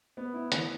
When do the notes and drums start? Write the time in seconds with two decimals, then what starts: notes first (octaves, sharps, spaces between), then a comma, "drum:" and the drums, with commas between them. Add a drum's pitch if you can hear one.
0.17 B3
0.34 E4
0.52 E3, drum: hi-hat